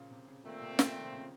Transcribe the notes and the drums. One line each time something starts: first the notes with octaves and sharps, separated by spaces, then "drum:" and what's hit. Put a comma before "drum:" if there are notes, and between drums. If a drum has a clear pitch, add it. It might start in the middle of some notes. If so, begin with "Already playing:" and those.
Already playing: A#2 C#3 F3
C3
C#3
A#2 D#3 A3 C4
C3
C3, drum: snare
F3
D#3
C3
C#3